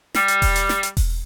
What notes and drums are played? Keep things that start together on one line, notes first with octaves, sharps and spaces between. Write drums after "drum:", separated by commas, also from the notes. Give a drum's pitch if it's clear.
G3, drum: snare
drum: hi-hat
drum: kick E1, open hi-hat
drum: hi-hat
drum: snare
drum: hi-hat
drum: kick E1, open hi-hat